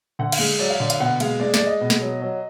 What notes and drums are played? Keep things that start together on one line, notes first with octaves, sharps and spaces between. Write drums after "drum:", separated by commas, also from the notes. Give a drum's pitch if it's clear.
D3 F#5
F5, drum: cymbal
G#3
F#3 D5
F5
D3 D5
F5, drum: hi-hat
B2 F#5
G#3 F5, drum: cymbal
G#3 D5
D5, drum: snare
G#3
D#5
B2
drum: snare
F#3
F#3